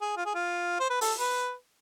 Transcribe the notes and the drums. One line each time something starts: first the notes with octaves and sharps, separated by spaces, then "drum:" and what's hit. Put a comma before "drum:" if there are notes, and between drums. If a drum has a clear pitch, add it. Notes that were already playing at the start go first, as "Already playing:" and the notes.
G#4
F4
G#4
F4
C5
B4
A4, drum: open hi-hat
B4